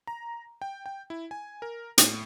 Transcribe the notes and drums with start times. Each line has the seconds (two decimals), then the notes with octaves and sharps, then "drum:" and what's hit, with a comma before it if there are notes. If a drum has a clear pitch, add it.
0.07 A#5
0.62 G5
0.86 G5
1.10 E4
1.31 G#5
1.62 A#4
1.98 A2, drum: hi-hat